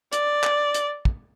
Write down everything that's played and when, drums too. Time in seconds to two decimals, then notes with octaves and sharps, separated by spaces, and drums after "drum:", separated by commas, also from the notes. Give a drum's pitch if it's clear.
0.13 D5, drum: hi-hat
0.44 drum: clap
0.74 drum: hi-hat
1.05 drum: kick